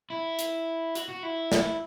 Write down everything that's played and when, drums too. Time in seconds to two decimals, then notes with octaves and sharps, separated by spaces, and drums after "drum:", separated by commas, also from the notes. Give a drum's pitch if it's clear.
0.10 E4
0.39 drum: hi-hat
0.95 F#4, drum: hi-hat
1.09 F#4
1.23 E4
1.52 drum: snare